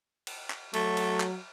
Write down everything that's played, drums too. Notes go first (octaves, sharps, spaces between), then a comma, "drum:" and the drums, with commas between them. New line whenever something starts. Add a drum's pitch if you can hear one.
drum: cymbal
drum: clap
F#3 A3, drum: cymbal
drum: cymbal
drum: clap